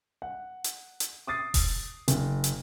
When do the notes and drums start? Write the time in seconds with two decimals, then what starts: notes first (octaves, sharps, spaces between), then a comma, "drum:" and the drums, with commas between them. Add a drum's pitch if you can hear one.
0.22 F#5
0.64 drum: hi-hat
1.00 drum: hi-hat
1.27 D6 D#6 A6 C7
1.54 drum: kick E1, open hi-hat
2.08 F#1, drum: hi-hat
2.44 drum: hi-hat